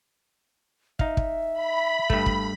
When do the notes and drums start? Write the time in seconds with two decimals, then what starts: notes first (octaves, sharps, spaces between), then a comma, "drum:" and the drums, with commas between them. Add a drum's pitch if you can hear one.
0.99 D#4 E5 F5, drum: kick
1.17 drum: kick
1.53 B5
2.10 G2 A3, drum: kick
2.26 drum: kick